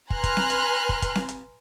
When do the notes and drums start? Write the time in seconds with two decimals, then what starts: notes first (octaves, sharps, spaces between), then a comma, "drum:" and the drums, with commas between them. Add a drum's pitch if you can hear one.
0.10 B4 G#5 A#5 C6 F6 F#6, drum: kick
0.24 drum: kick, hi-hat
0.37 drum: snare C4
0.50 drum: hi-hat
0.89 drum: kick
1.02 drum: kick, hi-hat
1.15 drum: snare C4
1.29 drum: hi-hat